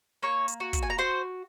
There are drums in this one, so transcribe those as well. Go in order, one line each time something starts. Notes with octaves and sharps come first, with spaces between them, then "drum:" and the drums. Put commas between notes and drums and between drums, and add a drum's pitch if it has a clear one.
A#3 C#5 C#6
drum: hi-hat
F#4
drum: kick, hi-hat
G#5
A#5
F#4 C5 C6